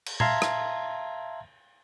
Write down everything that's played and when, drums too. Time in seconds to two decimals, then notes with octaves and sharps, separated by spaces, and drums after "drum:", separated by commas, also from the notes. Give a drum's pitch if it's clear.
0.06 drum: cymbal
0.20 E5 F5 A5 A#5 C6 G#6, drum: tom A#2
0.42 drum: rim click